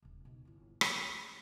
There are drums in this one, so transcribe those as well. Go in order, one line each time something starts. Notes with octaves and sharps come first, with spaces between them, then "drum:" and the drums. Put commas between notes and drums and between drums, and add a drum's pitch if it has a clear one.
D#1 C3
B2 D#4
G1 E4
D2, drum: rim click
A3 C#4